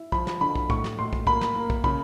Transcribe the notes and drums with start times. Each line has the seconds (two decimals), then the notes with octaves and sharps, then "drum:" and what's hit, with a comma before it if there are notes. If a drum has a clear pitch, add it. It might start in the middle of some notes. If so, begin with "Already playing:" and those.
Already playing: E4
0.12 F3 B5, drum: kick
0.27 drum: snare
0.41 D3 B5
0.55 drum: kick
0.70 A2 C#6, drum: kick
0.84 drum: snare
0.99 A2 C6
1.13 drum: kick
1.27 A#3 B5, drum: kick
1.41 drum: snare
1.55 A#3
1.70 drum: kick
1.84 C#3 B5, drum: kick